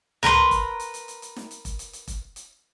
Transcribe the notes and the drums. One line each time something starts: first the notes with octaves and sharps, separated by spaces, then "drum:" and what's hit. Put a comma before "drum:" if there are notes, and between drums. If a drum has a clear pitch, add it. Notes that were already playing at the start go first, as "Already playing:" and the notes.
A#4 B4 A#5 C6, drum: tom C#2
drum: kick F1, hi-hat
drum: hi-hat
drum: hi-hat
drum: hi-hat
drum: hi-hat
drum: snare
drum: hi-hat
drum: kick F1, hi-hat
drum: hi-hat
drum: hi-hat
drum: kick F1, hi-hat
drum: hi-hat